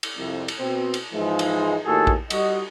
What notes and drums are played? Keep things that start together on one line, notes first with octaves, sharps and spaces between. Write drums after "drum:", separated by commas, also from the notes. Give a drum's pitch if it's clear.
drum: cymbal
C2 F2
drum: cymbal
B2 C4
drum: cymbal
G#2 E3 F3 G#3
drum: cymbal
D#2 A2 F#4 G#4 A4
drum: kick A#1
G3 F#4 D#5, drum: cymbal